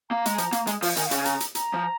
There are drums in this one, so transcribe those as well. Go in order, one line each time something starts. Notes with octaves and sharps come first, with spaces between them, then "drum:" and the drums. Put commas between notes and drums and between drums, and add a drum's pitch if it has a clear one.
A#3 A#5
G#3, drum: hi-hat
F3, drum: hi-hat
A#3, drum: hi-hat
G#3, drum: hi-hat
F3, drum: open hi-hat
D#3 G#5, drum: hi-hat
F5
C#3 G#5, drum: hi-hat
A#5, drum: hi-hat
drum: hi-hat
A#5, drum: hi-hat
F3